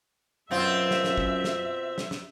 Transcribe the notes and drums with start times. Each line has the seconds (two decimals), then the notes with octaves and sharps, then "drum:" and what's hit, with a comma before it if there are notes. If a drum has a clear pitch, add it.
0.51 F#2 B2 C4 F4 E5
0.91 drum: snare
1.04 drum: snare
1.18 drum: kick
1.44 drum: snare
1.98 drum: snare
2.11 drum: snare